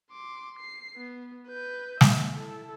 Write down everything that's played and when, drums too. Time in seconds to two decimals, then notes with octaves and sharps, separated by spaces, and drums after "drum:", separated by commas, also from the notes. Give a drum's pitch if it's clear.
0.11 C6 D6
0.59 C7
0.97 B3
1.48 B4 G6
2.01 E5, drum: snare
2.36 E4 A4